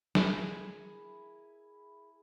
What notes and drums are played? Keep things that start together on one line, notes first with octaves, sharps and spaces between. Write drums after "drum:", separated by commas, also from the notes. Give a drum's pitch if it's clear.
E4 G#4 A#4, drum: snare